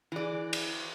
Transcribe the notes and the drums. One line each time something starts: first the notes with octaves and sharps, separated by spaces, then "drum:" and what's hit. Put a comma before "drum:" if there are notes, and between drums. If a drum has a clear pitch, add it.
E3 E4 G#4 D5
drum: cymbal